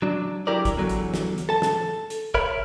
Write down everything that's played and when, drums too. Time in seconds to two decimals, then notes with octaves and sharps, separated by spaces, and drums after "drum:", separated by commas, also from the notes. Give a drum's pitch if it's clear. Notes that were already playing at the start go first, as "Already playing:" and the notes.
0.02 F#3 D4
0.47 F#3 E4 G4 A#4 D5
0.65 drum: kick, hi-hat
0.77 E2 D3 F#3
0.89 drum: hi-hat
1.14 drum: snare
1.38 drum: hi-hat
1.49 A4 A5
1.62 drum: snare
2.10 drum: hi-hat
2.34 A#4 C#5 E5 B5, drum: kick